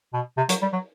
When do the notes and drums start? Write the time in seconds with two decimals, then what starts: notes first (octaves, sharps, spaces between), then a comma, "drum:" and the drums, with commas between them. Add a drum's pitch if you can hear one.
0.13 B2
0.37 C3
0.49 F#3, drum: hi-hat
0.62 G3
0.73 F#3